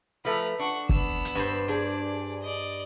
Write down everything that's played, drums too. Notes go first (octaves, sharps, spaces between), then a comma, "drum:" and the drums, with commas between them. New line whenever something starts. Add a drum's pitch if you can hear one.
F3 A3 B4 A#5
D4 F#5 C#6
B3 E6, drum: kick
drum: hi-hat
G2 C5
D4 G#4 D5
D5 D#5